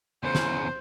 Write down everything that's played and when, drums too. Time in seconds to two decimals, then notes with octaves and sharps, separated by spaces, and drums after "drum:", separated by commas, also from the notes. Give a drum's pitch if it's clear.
0.23 E2 C#3 C5
0.35 drum: snare